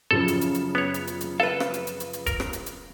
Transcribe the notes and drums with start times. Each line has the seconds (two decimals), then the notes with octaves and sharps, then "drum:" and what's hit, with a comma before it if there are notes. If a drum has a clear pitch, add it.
0.11 F#2 C#3 F3 A4
0.28 drum: hi-hat
0.41 drum: hi-hat
0.54 drum: hi-hat
0.75 B3 C#5
0.94 drum: hi-hat
1.07 drum: hi-hat
1.21 drum: hi-hat
1.40 A4 B4 F5
1.60 drum: rim click
1.74 drum: hi-hat
1.87 drum: hi-hat
2.00 drum: hi-hat
2.13 drum: hi-hat
2.27 A#4, drum: kick E1, hi-hat
2.40 drum: rim click
2.53 drum: hi-hat
2.66 drum: hi-hat